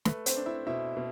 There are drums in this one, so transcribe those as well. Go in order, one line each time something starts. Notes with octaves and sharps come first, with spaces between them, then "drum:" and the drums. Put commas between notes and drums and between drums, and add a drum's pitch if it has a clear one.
A3 B4, drum: snare
C4 C5, drum: hi-hat
D4
E4 E5
B2 E4 E5
B2